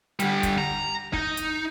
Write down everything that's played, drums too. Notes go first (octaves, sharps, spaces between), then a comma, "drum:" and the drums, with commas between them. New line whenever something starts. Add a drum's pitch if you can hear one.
D3 G3, drum: hi-hat
drum: kick, hi-hat
A#5
D#4, drum: kick
drum: hi-hat